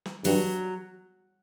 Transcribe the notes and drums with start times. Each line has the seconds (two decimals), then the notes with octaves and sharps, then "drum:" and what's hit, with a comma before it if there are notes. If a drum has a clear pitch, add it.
0.06 drum: snare
0.24 G2 F#3, drum: open hi-hat